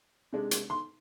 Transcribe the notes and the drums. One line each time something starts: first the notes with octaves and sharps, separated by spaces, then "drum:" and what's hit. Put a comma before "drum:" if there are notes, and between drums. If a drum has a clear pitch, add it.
C3 G#3 D4
drum: hi-hat
C6